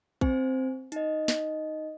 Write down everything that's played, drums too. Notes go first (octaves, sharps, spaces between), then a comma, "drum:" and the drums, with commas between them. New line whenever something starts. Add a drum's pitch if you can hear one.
C4 C5 G#5, drum: kick
D#4 D#5, drum: hi-hat
drum: snare